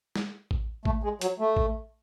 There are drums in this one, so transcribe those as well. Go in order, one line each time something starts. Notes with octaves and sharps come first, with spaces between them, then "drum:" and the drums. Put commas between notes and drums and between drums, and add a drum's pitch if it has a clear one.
drum: snare
drum: kick
A3, drum: kick
G#3
F#3, drum: hi-hat
A3
drum: kick